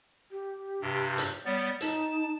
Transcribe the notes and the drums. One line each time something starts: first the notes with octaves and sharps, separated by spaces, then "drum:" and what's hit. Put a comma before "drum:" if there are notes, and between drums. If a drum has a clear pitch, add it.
G4
G2 C3
drum: hi-hat
G3 B3 C#5 A6
D#4 A5, drum: hi-hat